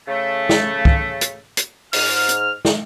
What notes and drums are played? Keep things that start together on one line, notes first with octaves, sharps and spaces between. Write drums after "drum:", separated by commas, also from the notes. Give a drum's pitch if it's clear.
C#3 A3
drum: snare
drum: kick
drum: hi-hat
drum: hi-hat
G#2 F6, drum: open hi-hat
drum: hi-hat
drum: snare